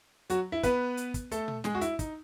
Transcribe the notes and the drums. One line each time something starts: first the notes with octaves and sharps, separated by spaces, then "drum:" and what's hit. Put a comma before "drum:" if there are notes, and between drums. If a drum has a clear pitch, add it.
F#3 F#4, drum: hi-hat
E4
B3 B4, drum: kick, hi-hat
drum: hi-hat
drum: kick, hi-hat
A3 A4, drum: hi-hat
drum: tom A#2
G#3 G#4, drum: snare
F#4
E4, drum: hi-hat
D#4, drum: kick, hi-hat